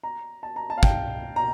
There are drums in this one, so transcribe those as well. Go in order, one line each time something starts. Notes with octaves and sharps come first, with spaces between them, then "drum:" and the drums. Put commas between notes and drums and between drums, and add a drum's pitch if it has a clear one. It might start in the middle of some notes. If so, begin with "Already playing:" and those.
A#5
A5
A#5
A5
F5
G5, drum: kick
A#5